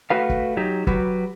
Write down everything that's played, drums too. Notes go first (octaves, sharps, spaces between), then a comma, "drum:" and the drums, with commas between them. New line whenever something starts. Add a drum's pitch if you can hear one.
A3 F#4 B4 F5
drum: kick
F#3 D#4 G4
F#3 F#4 G4 B4, drum: kick